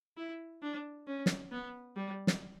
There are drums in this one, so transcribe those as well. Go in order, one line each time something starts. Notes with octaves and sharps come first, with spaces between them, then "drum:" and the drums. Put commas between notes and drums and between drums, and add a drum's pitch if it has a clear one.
E4
D4
C#4
drum: snare
B3
G3
drum: snare